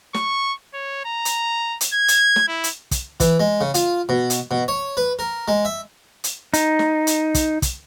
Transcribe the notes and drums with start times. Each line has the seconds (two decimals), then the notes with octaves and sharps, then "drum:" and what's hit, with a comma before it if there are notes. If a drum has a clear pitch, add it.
0.14 C#6, drum: snare
0.74 C#5
1.05 A#5
1.25 drum: hi-hat
1.81 drum: hi-hat
1.93 G#6
2.08 drum: hi-hat
2.36 drum: snare
2.48 E4
2.64 drum: hi-hat
2.91 drum: kick, hi-hat
3.20 E3, drum: kick, hi-hat
3.40 G#3
3.61 C#3
3.74 F4, drum: hi-hat
4.09 B2
4.30 drum: hi-hat
4.51 B2
4.68 C#5
4.97 B4
5.19 A#4
5.48 G#3
5.65 E5
6.24 drum: hi-hat
6.54 D#4, drum: hi-hat
6.79 drum: snare
7.07 drum: hi-hat
7.34 drum: kick, hi-hat
7.62 drum: kick, hi-hat